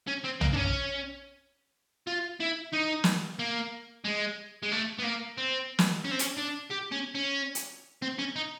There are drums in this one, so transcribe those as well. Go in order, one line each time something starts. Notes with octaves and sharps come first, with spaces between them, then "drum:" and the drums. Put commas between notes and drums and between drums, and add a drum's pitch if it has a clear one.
C#4
C4
A#3, drum: tom
D4
C#4
F4
E4
D#4
drum: snare
A#3
G#3
G#3
A3
B3
A#3
C4
drum: snare
C#4
C4
C#4, drum: hi-hat
D4
G4
C#4
C#4
drum: hi-hat
C4
C#4
D#4